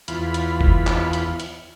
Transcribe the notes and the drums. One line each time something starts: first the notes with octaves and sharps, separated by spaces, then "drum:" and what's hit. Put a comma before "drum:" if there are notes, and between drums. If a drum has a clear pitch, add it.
E2 F4 B5, drum: hi-hat
drum: hi-hat
drum: kick
drum: clap
drum: hi-hat
drum: hi-hat